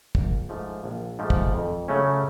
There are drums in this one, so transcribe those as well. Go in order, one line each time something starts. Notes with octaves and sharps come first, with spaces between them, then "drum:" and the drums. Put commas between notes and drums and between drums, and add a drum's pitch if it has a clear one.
A#1, drum: kick
G#2 F3 A3
A#1
G#2 F3 A3
drum: kick
F2
C#3 F#3 A3 C#4